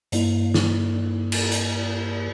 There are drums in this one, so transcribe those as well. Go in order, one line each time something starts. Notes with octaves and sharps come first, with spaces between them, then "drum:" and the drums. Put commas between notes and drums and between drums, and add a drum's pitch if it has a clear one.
G2 A#3 E4, drum: hi-hat
drum: snare
drum: cymbal
drum: hi-hat